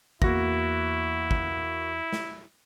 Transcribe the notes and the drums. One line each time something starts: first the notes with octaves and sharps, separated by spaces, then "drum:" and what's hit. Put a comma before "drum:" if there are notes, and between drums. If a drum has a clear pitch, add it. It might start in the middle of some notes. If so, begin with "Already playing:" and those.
E2 A#3 E4 F#4 A#6, drum: kick
drum: kick
drum: snare